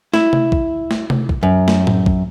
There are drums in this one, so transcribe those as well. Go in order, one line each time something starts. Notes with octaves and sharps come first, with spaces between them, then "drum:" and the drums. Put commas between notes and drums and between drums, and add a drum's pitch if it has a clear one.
E4, drum: snare
drum: tom
drum: kick
drum: snare
drum: tom
drum: kick
F#2
drum: snare
drum: tom A2
drum: kick